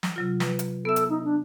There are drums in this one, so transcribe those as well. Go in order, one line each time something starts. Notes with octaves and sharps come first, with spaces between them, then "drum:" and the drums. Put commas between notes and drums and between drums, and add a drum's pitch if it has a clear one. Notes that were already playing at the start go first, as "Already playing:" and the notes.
drum: snare
C3 F#3 F4
B4, drum: snare
drum: hi-hat
B3 A4 E5
drum: hi-hat
D#4
D4